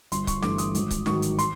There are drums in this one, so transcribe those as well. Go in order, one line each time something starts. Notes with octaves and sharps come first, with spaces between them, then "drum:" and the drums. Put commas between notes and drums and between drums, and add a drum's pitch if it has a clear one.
G1 C6, drum: hi-hat
C#6, drum: kick C#1, hi-hat
G2 E3 A3 D6, drum: snare
D#6, drum: hi-hat
G#1, drum: hi-hat
drum: kick C#1, hi-hat
G#2 D#3 F#3 C#6, drum: snare
drum: hi-hat
C6, drum: hi-hat